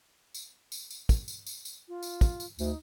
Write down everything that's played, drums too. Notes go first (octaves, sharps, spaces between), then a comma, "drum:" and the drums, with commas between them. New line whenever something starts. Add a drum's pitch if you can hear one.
drum: tambourine
drum: tambourine
drum: tambourine
drum: kick, tambourine
drum: tambourine
drum: tambourine
drum: tambourine
F4
drum: tambourine
drum: kick, tambourine
drum: tambourine
D2 D#4, drum: tambourine